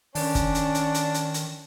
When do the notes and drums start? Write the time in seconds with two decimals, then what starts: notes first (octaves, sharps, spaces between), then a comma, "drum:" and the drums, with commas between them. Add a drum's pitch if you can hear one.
0.15 D#3 C#4 D4, drum: open hi-hat
0.35 drum: kick F#1, hi-hat
0.55 drum: hi-hat
0.75 drum: hi-hat
0.95 drum: hi-hat
1.14 drum: hi-hat
1.34 drum: hi-hat